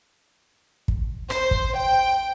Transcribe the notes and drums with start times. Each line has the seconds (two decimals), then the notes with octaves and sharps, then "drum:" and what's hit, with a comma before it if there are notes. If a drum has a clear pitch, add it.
0.88 drum: kick
1.30 C5, drum: rim click
1.51 drum: kick
1.76 G5